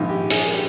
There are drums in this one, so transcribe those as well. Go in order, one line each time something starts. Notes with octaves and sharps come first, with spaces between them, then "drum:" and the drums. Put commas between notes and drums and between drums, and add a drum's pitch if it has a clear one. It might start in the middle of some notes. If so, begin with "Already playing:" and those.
Already playing: A#1 G#2 D#3
G4
G#4, drum: hi-hat
G4